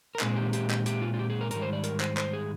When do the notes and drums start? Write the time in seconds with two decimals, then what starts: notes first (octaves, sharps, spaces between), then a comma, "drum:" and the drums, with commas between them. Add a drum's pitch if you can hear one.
0.15 A#4
0.20 A#2 G#3 C4 D#4 G#4, drum: clap
0.36 G4
0.53 G4, drum: hi-hat
0.70 G4, drum: clap
0.86 G4, drum: hi-hat
1.02 F4
1.14 F4
1.19 G4
1.30 G#4
1.41 A#4
1.51 G#2 D#3 G3 A#4, drum: hi-hat
1.62 C5
1.73 D5
1.84 A#4, drum: hi-hat
2.00 C5, drum: clap
2.17 C5, drum: clap
2.33 G#4